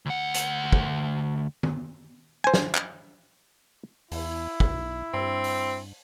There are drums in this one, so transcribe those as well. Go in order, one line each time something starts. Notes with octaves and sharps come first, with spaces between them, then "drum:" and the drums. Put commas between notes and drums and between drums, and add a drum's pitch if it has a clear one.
D2 F#5
drum: hi-hat
drum: kick
drum: tom D#3
C5 G#5
drum: snare
drum: clap
E2 E4, drum: open hi-hat
B1, drum: kick
G2 C4
drum: open hi-hat